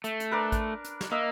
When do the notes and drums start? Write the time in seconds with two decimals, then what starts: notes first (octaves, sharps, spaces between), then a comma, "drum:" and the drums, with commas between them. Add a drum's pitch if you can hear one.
0.04 A3, drum: hi-hat
0.20 drum: hi-hat
0.31 D4 A#4 B4
0.52 drum: kick A1, hi-hat
0.85 drum: hi-hat
1.01 drum: snare
1.11 A#3 D#5 E5